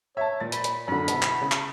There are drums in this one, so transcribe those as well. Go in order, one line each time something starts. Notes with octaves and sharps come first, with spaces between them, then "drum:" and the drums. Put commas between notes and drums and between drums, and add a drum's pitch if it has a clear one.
C#5 E5 A5
A#2 A6
B5, drum: hi-hat
drum: hi-hat
F#2 D3 B5
B2 E4, drum: hi-hat
drum: clap
C#3
drum: clap